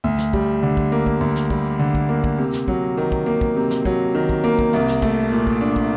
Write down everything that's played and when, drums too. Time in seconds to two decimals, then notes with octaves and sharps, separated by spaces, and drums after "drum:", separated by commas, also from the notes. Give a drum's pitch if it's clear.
0.04 D2
0.18 drum: snare
0.33 G3, drum: kick
0.63 D3
0.77 drum: kick
0.92 A#3
1.06 drum: kick
1.21 D2
1.36 drum: snare
1.50 G3, drum: kick
1.79 D3
1.95 drum: kick
2.09 A#3
2.24 drum: kick
2.38 C3
2.53 drum: snare
2.68 F#3, drum: kick
2.98 D#3
3.12 drum: kick
3.26 A#3
3.41 drum: kick
3.56 C3
3.71 drum: snare
3.85 F#3, drum: kick
4.15 D#3
4.29 drum: kick
4.44 A#3
4.59 drum: kick
4.73 C2
4.88 drum: snare
5.02 A3, drum: kick
5.32 A#2
5.47 drum: kick
5.61 D4
5.76 drum: kick